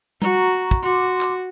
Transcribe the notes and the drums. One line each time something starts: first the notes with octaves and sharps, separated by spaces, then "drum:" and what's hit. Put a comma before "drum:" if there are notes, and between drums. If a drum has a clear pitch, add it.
F#4 A#5 C#6, drum: tom G3
drum: kick
F#4 C6 D6
drum: clap